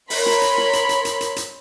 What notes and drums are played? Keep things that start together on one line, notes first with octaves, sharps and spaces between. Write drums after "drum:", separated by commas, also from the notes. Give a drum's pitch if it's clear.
A#4 C#5 B5 C6, drum: open hi-hat
drum: snare
drum: hi-hat
drum: snare
drum: hi-hat
drum: hi-hat
drum: hi-hat
drum: hi-hat
drum: hi-hat